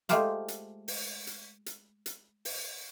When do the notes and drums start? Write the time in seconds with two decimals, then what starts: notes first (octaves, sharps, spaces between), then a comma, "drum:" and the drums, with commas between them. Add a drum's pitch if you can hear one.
0.09 G#3 A3 F4 G4 C5 F5, drum: hi-hat
0.48 drum: hi-hat
0.88 drum: open hi-hat
1.27 drum: hi-hat
1.66 drum: hi-hat
2.06 drum: hi-hat
2.45 drum: open hi-hat